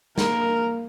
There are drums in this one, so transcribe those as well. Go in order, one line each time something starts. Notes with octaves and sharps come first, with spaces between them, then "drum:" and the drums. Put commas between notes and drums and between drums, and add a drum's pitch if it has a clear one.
A#3 A#4, drum: snare